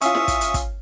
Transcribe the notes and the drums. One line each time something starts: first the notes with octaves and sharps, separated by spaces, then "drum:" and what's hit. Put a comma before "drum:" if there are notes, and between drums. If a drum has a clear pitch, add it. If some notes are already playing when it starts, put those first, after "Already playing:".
C#4 F4 E5 C#6 D#6, drum: hi-hat
drum: snare E4
drum: kick, hi-hat
drum: hi-hat
drum: kick, hi-hat